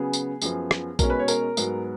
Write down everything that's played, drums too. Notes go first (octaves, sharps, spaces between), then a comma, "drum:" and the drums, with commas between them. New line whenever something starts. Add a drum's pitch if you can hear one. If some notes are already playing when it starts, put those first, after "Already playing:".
Already playing: C#3 F#3 B3 G#4
drum: tambourine
F#2 F3 B3 G#4, drum: tambourine
drum: rim click
B2 G#3 C#4 A#4, drum: kick A#1, tambourine
B4
C#5
A#4, drum: tambourine
G#2 F#3 B3, drum: tambourine